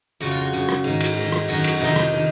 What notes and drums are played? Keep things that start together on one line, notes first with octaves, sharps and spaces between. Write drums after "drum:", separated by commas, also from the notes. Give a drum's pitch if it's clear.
F2 C#3 F#4
F4
F#4
F#2 C#3
drum: rim click
G#2 D#3
drum: cymbal
G#2 D#3
drum: rim click
F#2 D#3 F#4
drum: cymbal
F2 C3 D#3 D#4
drum: rim click
D#3